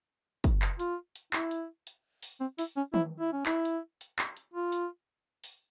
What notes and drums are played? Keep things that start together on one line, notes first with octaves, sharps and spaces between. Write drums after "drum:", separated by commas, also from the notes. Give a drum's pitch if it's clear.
drum: kick, hi-hat
drum: clap
F4, drum: hi-hat
drum: hi-hat
E4, drum: clap
drum: hi-hat
drum: hi-hat
drum: open hi-hat
C4
E4, drum: open hi-hat
C#4
E4, drum: tom D#3
E4
C#4
E4, drum: clap
drum: hi-hat
drum: hi-hat
drum: clap
drum: hi-hat
F4
drum: hi-hat
drum: open hi-hat